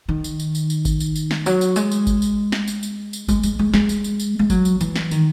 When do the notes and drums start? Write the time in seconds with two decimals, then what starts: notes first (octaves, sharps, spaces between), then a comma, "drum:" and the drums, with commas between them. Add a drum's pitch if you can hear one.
0.09 D#3
0.24 drum: tambourine
0.40 drum: tambourine
0.55 drum: tambourine
0.70 drum: tambourine
0.85 drum: kick G#1, tambourine
1.00 drum: tambourine
1.16 drum: tambourine
1.31 drum: snare
1.46 F#3, drum: tambourine
1.61 drum: tambourine
1.76 G#3, drum: tambourine
1.92 drum: tambourine
2.07 drum: kick G#1, tambourine
2.22 drum: tambourine
2.52 drum: snare
2.68 drum: tambourine
2.83 drum: tambourine
3.13 drum: tambourine
3.29 G#3, drum: kick G#1, tambourine
3.43 G#3, drum: tambourine
3.59 G#3
3.74 G#3, drum: snare
3.89 drum: tambourine
4.04 drum: tambourine
4.20 drum: tambourine
4.39 G#3
4.50 F#3, drum: kick G#1, tambourine
4.65 drum: tambourine
4.81 E3, drum: tambourine
4.96 drum: snare
5.11 D#3, drum: tambourine